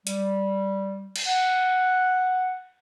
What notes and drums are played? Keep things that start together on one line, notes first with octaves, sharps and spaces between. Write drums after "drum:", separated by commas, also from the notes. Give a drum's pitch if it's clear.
G3, drum: hi-hat
drum: cymbal
F#5